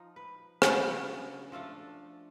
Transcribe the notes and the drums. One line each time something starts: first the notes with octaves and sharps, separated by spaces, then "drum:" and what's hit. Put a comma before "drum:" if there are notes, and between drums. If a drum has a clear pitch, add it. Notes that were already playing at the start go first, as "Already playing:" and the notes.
Already playing: F3 D#4
B4
C#3 F#3 B3 D4, drum: rim click
F3 A3 D4 A4